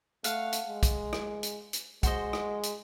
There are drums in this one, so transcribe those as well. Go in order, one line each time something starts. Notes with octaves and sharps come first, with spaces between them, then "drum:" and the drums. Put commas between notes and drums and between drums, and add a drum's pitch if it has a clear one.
A3 F5 F#5, drum: hi-hat
drum: hi-hat
G#3
drum: kick, hi-hat
drum: rim click
drum: hi-hat
drum: hi-hat
G#3 F#4 C5 D#5, drum: kick, hi-hat
drum: rim click
drum: hi-hat